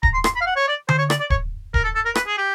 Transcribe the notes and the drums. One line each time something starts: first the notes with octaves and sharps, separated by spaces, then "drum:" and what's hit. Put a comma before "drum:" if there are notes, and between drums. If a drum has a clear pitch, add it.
A#5, drum: kick D1
C6
C6, drum: rim click
B5
F5
F#5
C#5
D5
C5, drum: tom D3
C#5
D5, drum: rim click
D5
C#5, drum: kick D1
A#4, drum: kick D1
A4
A4
A#4
B4, drum: rim click
G#4
G4